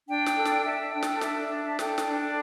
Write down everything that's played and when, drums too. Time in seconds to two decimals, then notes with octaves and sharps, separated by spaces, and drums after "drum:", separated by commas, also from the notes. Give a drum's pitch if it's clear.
0.07 D4 G5
0.26 drum: snare
0.36 A4
0.45 drum: snare
0.64 A4 E5
0.93 D4 G5
1.03 drum: snare
1.21 D4 E5, drum: snare
1.50 D4
1.67 A5
1.79 A4 G5, drum: snare
1.98 drum: snare
2.07 D4